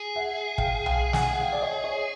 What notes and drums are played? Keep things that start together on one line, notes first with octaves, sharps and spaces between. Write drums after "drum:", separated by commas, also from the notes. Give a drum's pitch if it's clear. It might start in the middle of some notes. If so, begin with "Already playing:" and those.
Already playing: G#4
E5 F#5
F5 G5, drum: kick
F5 G5, drum: tom B1
F#5 G#5, drum: snare
F#5
F5 G5
D5
C#5 D#5
C#5 D#5